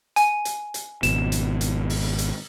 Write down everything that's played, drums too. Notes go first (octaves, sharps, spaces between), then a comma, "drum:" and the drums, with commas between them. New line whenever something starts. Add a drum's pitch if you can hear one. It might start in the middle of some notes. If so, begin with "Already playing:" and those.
G#5, drum: hi-hat
drum: hi-hat
drum: hi-hat
G#1 B2 E7, drum: hi-hat
drum: hi-hat
drum: hi-hat
drum: open hi-hat
drum: hi-hat